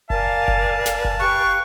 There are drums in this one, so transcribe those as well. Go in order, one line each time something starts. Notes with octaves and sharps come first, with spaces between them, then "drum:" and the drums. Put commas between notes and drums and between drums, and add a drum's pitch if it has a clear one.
A#4 D5 F5 G#5 A5, drum: kick F#1
drum: kick F#1
drum: snare
drum: kick F#1
G4 B4 F5 C#6 F#6